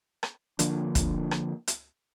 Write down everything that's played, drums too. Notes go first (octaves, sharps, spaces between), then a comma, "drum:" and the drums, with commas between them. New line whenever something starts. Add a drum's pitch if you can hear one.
drum: rim click
D3 F3 A#3 D4, drum: hi-hat
drum: kick, hi-hat
drum: rim click
drum: hi-hat